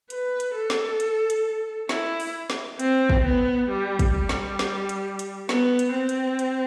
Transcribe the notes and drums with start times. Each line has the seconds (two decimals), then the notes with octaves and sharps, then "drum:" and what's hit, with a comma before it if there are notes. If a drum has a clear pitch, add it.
0.10 B4, drum: hi-hat
0.40 drum: hi-hat
0.55 A4
0.70 drum: snare
1.00 drum: hi-hat
1.30 drum: hi-hat
1.89 E4, drum: snare
2.20 drum: open hi-hat
2.50 drum: snare
2.79 C4, drum: hi-hat
3.10 drum: kick
3.25 B3
3.69 G3
3.99 drum: kick, hi-hat
4.15 G3
4.29 drum: snare
4.59 drum: snare
4.89 drum: hi-hat
5.19 drum: hi-hat
5.49 B3, drum: snare
5.79 drum: hi-hat
5.94 C4
6.09 drum: hi-hat
6.39 drum: hi-hat